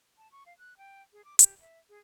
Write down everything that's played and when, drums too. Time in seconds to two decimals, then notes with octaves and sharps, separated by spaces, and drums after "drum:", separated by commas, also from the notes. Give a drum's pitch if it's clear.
0.17 A5
0.32 C#6
0.46 F5
0.58 F#6
0.77 G5
1.13 G#4
1.25 D6
1.39 G4, drum: hi-hat
1.61 E5
1.89 G#4